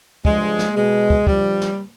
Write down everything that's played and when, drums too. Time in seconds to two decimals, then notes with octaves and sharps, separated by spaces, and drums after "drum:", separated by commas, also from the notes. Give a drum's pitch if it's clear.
0.25 G2 F3 G#3, drum: kick
0.59 drum: snare
0.76 B2 G#3
1.10 drum: kick
1.27 G2 F3 G3, drum: kick
1.61 drum: snare